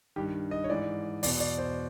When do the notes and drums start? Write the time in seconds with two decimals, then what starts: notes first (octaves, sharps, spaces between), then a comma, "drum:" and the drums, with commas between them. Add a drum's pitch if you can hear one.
0.16 G2 D#3 G4
0.51 D#5
0.64 C#5
0.69 G#2 E3 D5
1.23 E2 B2 D5, drum: open hi-hat
1.40 D5
1.58 C5